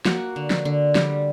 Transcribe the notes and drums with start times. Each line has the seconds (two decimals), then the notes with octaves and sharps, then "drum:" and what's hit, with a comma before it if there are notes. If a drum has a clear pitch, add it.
0.05 A#3 F#4, drum: snare
0.36 D3
0.50 drum: snare
0.65 D3
0.95 G3, drum: snare